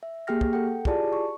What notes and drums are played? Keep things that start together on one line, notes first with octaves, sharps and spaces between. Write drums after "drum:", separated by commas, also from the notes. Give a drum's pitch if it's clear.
E5
A#3 G4 G#4 G5 F6 A#6
drum: kick
A4 F#5 G5
E4 F4 G4 G#4 D5 A5, drum: kick
C#6